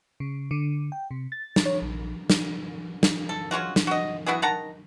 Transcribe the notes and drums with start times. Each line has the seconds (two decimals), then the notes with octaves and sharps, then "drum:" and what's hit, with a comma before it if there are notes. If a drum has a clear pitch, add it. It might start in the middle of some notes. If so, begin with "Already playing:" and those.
0.20 C#3
0.51 D3
0.92 G5
1.11 C3
1.32 A6
1.56 drum: snare
1.66 C#5
1.82 A#1
2.30 drum: snare
3.03 drum: snare
3.29 A4
3.51 G#3 C#4 F4 F#4
3.76 drum: snare
3.87 F#4 D#5
4.26 B3 E4 F#4 G#4
4.42 D#3 F#5 A5 A#5